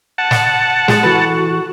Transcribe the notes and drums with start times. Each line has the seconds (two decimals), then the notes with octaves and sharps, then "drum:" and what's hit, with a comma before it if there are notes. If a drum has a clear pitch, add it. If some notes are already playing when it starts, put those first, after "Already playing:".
0.18 F#5 A5
0.31 drum: snare
0.88 G#3 G4 G#4, drum: snare
1.03 E3 F#4 A4 B4